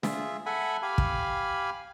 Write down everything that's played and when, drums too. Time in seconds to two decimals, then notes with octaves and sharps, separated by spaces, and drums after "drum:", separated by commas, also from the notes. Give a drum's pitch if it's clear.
0.03 F4 G#4 E5, drum: snare
0.46 A4 E5 F#5 G#5 B5
0.82 G4 F5 G#5 B5
0.98 drum: kick